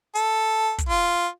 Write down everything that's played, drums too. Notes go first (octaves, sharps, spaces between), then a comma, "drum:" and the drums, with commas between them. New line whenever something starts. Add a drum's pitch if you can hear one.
A4, drum: hi-hat
drum: kick, hi-hat
F4